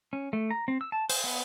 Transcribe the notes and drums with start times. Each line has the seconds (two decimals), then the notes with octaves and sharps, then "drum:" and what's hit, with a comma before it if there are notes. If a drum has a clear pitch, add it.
0.13 C#4
0.33 A3
0.51 A#5
0.68 C4
0.81 E6
0.92 A5
1.10 C5, drum: open hi-hat
1.24 B3